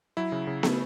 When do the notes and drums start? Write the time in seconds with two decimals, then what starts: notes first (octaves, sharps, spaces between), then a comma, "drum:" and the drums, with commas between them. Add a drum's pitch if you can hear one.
0.17 F#3 E4
0.32 C#3
0.47 C#3
0.63 A3, drum: snare